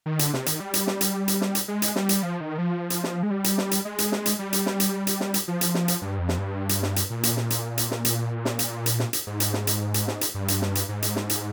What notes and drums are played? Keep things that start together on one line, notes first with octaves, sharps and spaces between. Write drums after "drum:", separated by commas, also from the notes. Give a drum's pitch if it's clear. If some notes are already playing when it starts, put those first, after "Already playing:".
D#3
D3, drum: hi-hat
C3, drum: snare
D#3, drum: hi-hat
G3
drum: hi-hat
drum: snare
drum: hi-hat
drum: hi-hat
drum: snare
drum: hi-hat
G#3
drum: hi-hat
G3, drum: snare
drum: hi-hat
F3
D#3
F3
drum: hi-hat
drum: snare
G#3
G3
drum: hi-hat
drum: snare
drum: hi-hat
G#3
drum: hi-hat
drum: snare
drum: hi-hat
G3
drum: hi-hat
drum: snare
drum: hi-hat
drum: hi-hat
drum: snare
drum: hi-hat
F3
drum: hi-hat
drum: snare
drum: hi-hat
G2
F2
drum: snare
G2
drum: hi-hat
drum: snare
drum: hi-hat
A#2
drum: hi-hat
drum: snare
drum: hi-hat
drum: hi-hat
drum: snare
drum: hi-hat
drum: snare
drum: hi-hat
drum: hi-hat
drum: snare
drum: hi-hat
G#2
drum: hi-hat
drum: snare
drum: hi-hat
drum: hi-hat
drum: snare
drum: hi-hat
G2
drum: hi-hat
drum: snare
drum: hi-hat
G#2
drum: hi-hat
drum: snare
drum: hi-hat